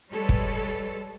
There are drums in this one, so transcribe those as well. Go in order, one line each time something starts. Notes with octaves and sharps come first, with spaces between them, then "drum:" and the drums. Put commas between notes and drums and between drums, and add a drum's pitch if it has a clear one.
G3 G#3 A4 B4 C#5
drum: kick